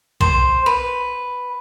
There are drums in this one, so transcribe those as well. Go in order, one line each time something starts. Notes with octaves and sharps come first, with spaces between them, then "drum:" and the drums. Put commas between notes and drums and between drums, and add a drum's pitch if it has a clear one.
C5, drum: kick B1
B4